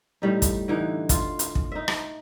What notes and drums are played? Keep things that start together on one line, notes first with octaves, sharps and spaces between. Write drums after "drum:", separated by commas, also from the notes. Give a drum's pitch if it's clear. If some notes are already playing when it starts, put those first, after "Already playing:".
A2 G3 D#4
drum: kick, hi-hat
D3 E3 D#4
F4, drum: kick, hi-hat
drum: hi-hat
drum: kick
D#4 E5
drum: rim click